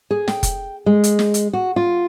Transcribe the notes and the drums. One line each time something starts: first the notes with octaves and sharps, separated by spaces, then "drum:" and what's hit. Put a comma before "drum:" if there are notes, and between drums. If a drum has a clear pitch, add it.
G#4
G5, drum: snare
drum: kick F1, hi-hat
G#3
drum: hi-hat
drum: snare
drum: hi-hat
F#4
F4